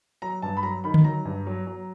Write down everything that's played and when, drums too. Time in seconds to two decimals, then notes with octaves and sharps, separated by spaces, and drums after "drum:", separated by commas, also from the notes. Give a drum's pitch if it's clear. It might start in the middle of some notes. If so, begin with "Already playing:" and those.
0.22 F#3 A#5
0.42 G2 A5
0.57 B5
0.63 F#3 A#5
0.84 D#3 B5
0.94 drum: tom D3
1.04 F#3 A#5
1.25 G2
1.47 F#3
1.67 F#3